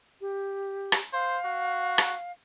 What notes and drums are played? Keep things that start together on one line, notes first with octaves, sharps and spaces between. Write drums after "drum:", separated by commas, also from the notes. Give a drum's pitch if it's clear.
G4
drum: rim click
C5 F5
F#4
drum: rim click